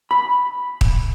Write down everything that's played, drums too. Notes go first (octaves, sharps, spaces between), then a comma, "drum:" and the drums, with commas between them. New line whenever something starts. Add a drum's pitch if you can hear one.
B5
drum: kick